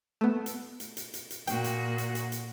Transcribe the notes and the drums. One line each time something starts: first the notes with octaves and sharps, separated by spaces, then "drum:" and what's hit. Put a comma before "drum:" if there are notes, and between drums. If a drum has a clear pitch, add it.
A3 B3
drum: hi-hat
drum: hi-hat
drum: hi-hat
drum: hi-hat
drum: hi-hat
A#2 F#4 G5, drum: hi-hat
drum: hi-hat
drum: hi-hat
drum: hi-hat
drum: hi-hat